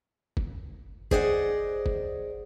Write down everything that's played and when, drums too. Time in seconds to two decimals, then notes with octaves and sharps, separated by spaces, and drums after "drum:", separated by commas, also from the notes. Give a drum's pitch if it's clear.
0.37 drum: kick G1
1.11 G#4 C5 D5 D#5 F5 F#5, drum: kick G1
1.86 drum: kick G1